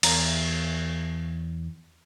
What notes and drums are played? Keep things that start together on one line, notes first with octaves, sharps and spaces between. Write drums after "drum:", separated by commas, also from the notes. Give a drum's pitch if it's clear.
E2 A#5, drum: cymbal